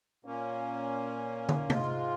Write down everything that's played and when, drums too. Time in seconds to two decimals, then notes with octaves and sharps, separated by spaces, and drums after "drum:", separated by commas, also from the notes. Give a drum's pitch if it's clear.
0.25 A#2 A#3 C#4
1.49 drum: tom
1.70 G#2 G#3 F4, drum: tom C3